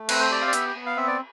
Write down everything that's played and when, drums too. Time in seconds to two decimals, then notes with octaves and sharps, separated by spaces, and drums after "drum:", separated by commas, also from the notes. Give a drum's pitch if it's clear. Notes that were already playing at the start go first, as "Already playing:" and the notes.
Already playing: A3
0.09 C4 B4, drum: cymbal
0.20 C5
0.31 G4 D5
0.41 F5
0.47 D5
0.53 B3 E5, drum: hi-hat
0.75 B3
0.86 F5
0.97 C4 E5
1.07 D5